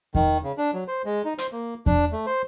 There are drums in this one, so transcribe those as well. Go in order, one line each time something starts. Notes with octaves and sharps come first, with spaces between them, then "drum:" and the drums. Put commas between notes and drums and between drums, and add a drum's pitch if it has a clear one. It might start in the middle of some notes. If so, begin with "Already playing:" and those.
D#3, drum: kick E2
C#3
D4
F#3
C5
G#3
D#4
C5, drum: hi-hat
A#3
D4, drum: kick E2
A3
C5